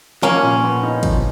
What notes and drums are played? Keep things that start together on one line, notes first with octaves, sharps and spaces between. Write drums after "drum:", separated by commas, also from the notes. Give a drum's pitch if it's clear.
F3 A#3 C#4, drum: snare
A#2
B3
D#4
F3, drum: kick, cymbal